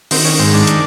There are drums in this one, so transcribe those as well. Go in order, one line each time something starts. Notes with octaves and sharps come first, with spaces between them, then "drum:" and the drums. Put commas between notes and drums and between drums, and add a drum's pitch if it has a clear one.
D#3 C4, drum: open hi-hat
C#4
G#2 C4
D4
drum: hi-hat